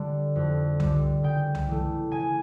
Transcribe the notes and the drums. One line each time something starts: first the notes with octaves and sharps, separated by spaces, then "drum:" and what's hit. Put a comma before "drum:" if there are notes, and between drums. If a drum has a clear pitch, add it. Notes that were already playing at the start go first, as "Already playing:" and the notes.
Already playing: D3 G3
F2
D3 G3, drum: tom C2
C#3 G5
drum: tom C2
E3 A3
C#3 G#5